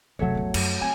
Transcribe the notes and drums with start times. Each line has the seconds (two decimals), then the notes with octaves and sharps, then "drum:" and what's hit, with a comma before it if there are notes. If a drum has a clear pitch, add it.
0.19 F1 C3 F#3 A3 C#5
0.35 A1 E2
0.54 F#2, drum: cymbal
0.81 C4 G#5